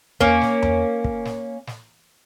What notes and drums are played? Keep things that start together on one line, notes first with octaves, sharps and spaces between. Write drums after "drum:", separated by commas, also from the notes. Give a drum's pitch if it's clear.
A#3 C#4, drum: tom E2
drum: snare
drum: tom E2
drum: kick
drum: snare
drum: snare